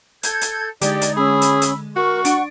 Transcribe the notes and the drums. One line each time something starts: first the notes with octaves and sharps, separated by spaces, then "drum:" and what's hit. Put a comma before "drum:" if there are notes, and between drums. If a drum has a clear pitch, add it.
A4 G6 G#6, drum: hi-hat
drum: hi-hat
D3 G#3 D#4 G4 D5, drum: hi-hat
drum: hi-hat
C#4 G#4 B5 E6
drum: hi-hat
drum: hi-hat
F#4 A#4 C#6
D4 F#5, drum: hi-hat